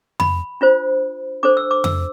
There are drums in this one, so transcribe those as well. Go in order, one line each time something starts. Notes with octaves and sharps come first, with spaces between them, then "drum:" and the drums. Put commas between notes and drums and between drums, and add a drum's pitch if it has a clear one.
B5, drum: tom F2
D4 F4 C5
D4 A4 C5 D6
E6
D6
E6, drum: tom F2